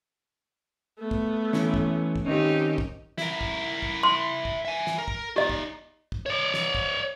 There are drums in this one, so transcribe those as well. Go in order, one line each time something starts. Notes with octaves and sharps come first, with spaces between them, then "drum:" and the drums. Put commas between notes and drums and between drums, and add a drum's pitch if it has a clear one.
A3 B3
drum: kick
E3 C#4, drum: snare
drum: kick
drum: kick
D#3 C4 C#4 D#4 G4
drum: kick
E4 A#4, drum: snare
drum: kick
drum: kick
C6
drum: kick
E5 G#5
drum: snare
A#4
drum: kick
D#4 G4 D5 D#5
drum: kick
drum: kick
C#5 D5
drum: snare
drum: kick